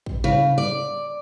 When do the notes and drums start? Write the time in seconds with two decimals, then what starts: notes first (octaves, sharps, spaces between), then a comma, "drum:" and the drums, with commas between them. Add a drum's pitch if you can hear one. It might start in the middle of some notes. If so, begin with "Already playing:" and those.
0.06 drum: kick
0.24 C#3
0.58 D5